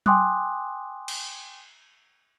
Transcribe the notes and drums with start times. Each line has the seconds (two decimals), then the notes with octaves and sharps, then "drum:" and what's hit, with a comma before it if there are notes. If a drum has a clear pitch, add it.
0.06 G5 G#5 C6 D6 D#6 F#6, drum: tom F#3
1.08 drum: cymbal